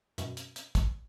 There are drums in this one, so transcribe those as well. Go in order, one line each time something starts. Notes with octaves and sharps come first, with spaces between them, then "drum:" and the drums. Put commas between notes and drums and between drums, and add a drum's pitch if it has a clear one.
F#2 B2, drum: hi-hat
drum: hi-hat
drum: hi-hat
drum: kick, hi-hat